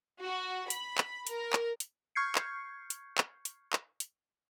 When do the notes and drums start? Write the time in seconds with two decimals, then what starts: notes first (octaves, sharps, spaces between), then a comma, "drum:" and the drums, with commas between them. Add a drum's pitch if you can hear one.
0.23 F#4
0.70 B5, drum: hi-hat
0.98 drum: clap
1.27 A#4, drum: hi-hat
1.53 drum: clap
1.80 drum: hi-hat
2.15 C#6 F6 G6 G#6 C7 C#7
2.35 drum: clap
2.90 drum: hi-hat
3.18 drum: clap
3.45 drum: hi-hat
3.73 drum: clap
4.00 drum: hi-hat